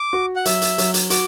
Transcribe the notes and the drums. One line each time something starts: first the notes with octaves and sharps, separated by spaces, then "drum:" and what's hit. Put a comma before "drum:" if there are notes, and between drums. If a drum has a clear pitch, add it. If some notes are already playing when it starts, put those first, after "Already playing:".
Already playing: D6
F#4
F#5
F#3 E5, drum: hi-hat
drum: hi-hat
F#3, drum: hi-hat
drum: hi-hat
F#4 D6, drum: hi-hat